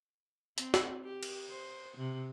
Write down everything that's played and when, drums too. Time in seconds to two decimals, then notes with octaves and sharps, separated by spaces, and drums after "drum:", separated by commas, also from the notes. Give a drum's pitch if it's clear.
0.58 C4, drum: hi-hat
0.74 drum: snare
1.04 G4
1.23 drum: cymbal
1.49 C5
1.97 C3